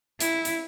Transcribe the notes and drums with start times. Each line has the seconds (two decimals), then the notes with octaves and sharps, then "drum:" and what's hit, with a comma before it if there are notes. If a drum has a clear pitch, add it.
0.20 E4, drum: hi-hat
0.45 drum: hi-hat